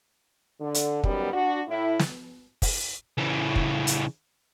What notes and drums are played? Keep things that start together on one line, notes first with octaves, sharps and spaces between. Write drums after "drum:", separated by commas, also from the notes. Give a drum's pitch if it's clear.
D3
drum: hi-hat
F#2 D#3 G3 B3, drum: kick
D4 F#4
A2 E4
drum: snare
drum: kick, open hi-hat
C#3 E3
drum: kick
drum: hi-hat